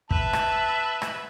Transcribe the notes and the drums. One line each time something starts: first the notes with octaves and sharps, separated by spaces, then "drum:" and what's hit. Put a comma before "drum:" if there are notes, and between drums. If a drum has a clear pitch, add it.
B4 E5 A5, drum: kick
drum: rim click
drum: rim click